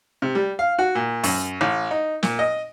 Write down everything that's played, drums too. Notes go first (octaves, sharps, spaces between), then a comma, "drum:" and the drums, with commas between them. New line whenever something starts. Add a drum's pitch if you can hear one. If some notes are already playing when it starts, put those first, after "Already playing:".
C3
G3
F5
F#4
A#2
F#2, drum: open hi-hat
A1
D#4
A#2, drum: snare
D#5